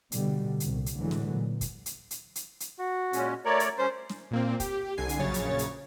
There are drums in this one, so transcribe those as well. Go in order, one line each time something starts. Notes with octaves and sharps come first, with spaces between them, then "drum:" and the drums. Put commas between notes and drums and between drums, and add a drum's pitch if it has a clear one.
B2 D3 G3, drum: hi-hat
C2 A#2, drum: hi-hat
drum: hi-hat
A2 D3 E3 F#3 G#3
drum: snare
A#2
drum: kick, hi-hat
drum: hi-hat
drum: hi-hat
drum: hi-hat
drum: hi-hat
F#4
A#2 G#3 C#4, drum: hi-hat
A3 A#4 C#5 D5
drum: hi-hat
G3 C#4 C5
drum: snare
A#2 A#3 C4
G4, drum: kick, hi-hat
C2 D3 G#5 C7
drum: hi-hat
A#1 F#2 C#3 C#5 A6
drum: hi-hat
drum: hi-hat